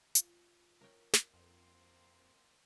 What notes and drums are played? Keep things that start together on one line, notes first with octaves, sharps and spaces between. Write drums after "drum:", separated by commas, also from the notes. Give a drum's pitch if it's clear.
F4, drum: hi-hat
A#4 C#5 G5
drum: snare
F2 A#3 C4